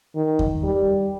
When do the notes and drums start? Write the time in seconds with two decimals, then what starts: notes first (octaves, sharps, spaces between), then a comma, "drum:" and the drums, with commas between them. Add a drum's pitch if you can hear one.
0.16 D#3
0.39 drum: kick E2
0.63 G3